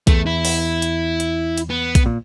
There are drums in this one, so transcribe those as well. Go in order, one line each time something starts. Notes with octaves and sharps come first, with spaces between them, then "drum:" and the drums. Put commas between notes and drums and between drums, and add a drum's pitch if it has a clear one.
E2 A3, drum: kick A#1, hi-hat
E4
drum: open hi-hat
drum: hi-hat
drum: hi-hat
drum: hi-hat
B3
drum: kick A#1, hi-hat
A#2